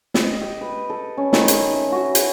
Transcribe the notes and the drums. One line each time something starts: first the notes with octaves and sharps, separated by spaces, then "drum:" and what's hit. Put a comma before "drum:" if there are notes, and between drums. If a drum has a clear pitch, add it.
D#5, drum: snare
G4
B4
A4
C#4
D#3, drum: snare
drum: hi-hat
E5
F#4
drum: hi-hat